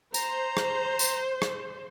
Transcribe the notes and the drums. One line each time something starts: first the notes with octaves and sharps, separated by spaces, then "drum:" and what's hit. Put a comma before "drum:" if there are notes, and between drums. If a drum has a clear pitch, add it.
C5 A#5, drum: tambourine
drum: rim click
drum: tambourine
drum: rim click